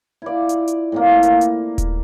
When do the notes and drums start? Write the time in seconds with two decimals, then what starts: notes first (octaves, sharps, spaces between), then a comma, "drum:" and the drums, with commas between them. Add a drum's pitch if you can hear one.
0.22 E4 F4 D5
0.49 drum: hi-hat
0.68 drum: hi-hat
0.92 A2 C3 A#3
1.23 A#3, drum: hi-hat
1.41 drum: hi-hat
1.78 drum: kick D#1, hi-hat